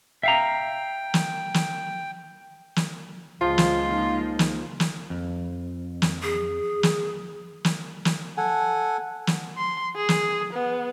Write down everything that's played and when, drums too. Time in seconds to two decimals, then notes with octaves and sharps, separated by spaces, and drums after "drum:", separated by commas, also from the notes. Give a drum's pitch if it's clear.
0.23 E5 F5 G5 A#5
1.14 drum: snare
1.54 drum: snare
2.76 drum: snare
3.41 C#2 F3 G#3 F4
3.58 drum: snare
3.82 A#3 D#4
4.39 drum: snare
4.80 drum: snare
5.10 F2
6.02 drum: snare
6.22 G#4
6.83 drum: snare
7.65 drum: snare
8.05 drum: snare
8.37 A4 F#5 G#5
9.27 drum: snare
9.57 C6
9.96 G#4
10.09 drum: snare
10.53 B3